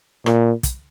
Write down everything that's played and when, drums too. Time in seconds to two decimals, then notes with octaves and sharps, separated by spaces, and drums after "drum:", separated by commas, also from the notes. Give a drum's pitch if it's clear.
0.26 A#2, drum: rim click
0.63 drum: kick, hi-hat